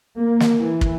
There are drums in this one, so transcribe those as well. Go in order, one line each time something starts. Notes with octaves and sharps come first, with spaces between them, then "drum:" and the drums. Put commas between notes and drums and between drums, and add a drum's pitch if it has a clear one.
A#3
drum: snare
E3
drum: kick